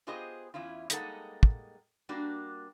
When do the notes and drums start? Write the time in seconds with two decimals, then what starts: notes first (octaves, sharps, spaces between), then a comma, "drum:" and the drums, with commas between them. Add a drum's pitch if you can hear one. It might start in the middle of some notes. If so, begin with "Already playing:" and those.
0.07 B3 F4 G4 G#4 C5 D#5
0.54 E2 C#4 E4 F4
0.90 G3 G#3 A#3 D#4 A4 F#5, drum: hi-hat
1.43 drum: kick
2.09 G3 A#3 D4 F#4